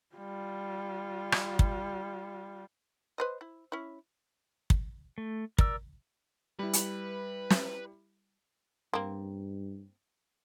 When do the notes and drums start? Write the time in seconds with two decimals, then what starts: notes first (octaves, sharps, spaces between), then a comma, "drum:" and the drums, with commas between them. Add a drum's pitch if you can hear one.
0.16 G3 F4
1.32 drum: rim click
1.59 drum: kick
3.18 B4 C5 D#5
3.41 E4
3.72 C#4 E4
4.70 drum: kick
5.18 A3
5.58 A#4 D5 E6, drum: kick
6.59 G3 E4 B4
6.73 drum: hi-hat
7.50 drum: snare
8.93 G2 A#3 C4